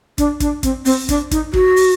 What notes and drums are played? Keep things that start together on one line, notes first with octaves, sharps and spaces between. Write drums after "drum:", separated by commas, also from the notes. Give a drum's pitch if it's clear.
D4, drum: kick, hi-hat
D4, drum: kick, hi-hat
C4, drum: kick, hi-hat
C4, drum: open hi-hat
D4, drum: kick, hi-hat
D#4, drum: kick, hi-hat
F#4, drum: kick
drum: open hi-hat